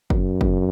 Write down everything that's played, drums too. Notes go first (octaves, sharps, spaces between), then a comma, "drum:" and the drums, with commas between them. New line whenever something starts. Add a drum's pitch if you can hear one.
F#2, drum: kick F#1
drum: kick F#1